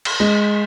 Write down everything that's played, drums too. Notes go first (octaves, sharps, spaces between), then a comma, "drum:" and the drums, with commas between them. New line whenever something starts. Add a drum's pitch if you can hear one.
drum: cymbal
G#3